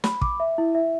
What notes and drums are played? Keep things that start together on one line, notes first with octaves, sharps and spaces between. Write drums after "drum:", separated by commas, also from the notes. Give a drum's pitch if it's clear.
B5, drum: snare
D6, drum: kick
E5
E4
E5